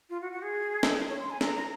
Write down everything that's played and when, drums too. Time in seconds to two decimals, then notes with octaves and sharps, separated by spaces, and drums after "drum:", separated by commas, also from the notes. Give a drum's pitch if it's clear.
0.10 F4
0.21 F#4
0.32 F#4
0.43 G#4
0.83 drum: snare
1.08 C#5
1.19 C6
1.30 G#5
1.41 A#5, drum: snare
1.56 A#5